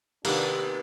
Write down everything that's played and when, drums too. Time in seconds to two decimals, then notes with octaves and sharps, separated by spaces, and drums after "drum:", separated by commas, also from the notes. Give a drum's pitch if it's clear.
0.25 C3 D#3 A#3 B3 D4 G4 B4 F#5, drum: cymbal